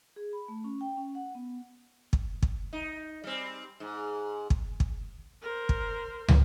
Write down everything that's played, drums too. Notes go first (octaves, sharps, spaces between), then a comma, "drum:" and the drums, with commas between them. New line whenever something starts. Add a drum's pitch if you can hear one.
G#4
B5
A3
C#4
G5
C#4
F#5
B3
drum: kick
drum: kick
D#4
G3 C4
G#2
drum: kick
drum: kick
A#4 C5
drum: kick
drum: tom